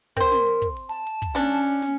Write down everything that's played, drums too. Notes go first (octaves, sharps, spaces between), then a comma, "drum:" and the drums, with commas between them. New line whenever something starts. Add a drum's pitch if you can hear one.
C4 A#4 C5, drum: kick, hi-hat
drum: snare
drum: hi-hat
drum: kick
drum: open hi-hat
A5, drum: open hi-hat
drum: hi-hat
drum: kick, hi-hat
C#3 C#4 D4, drum: snare
drum: hi-hat
drum: hi-hat
drum: snare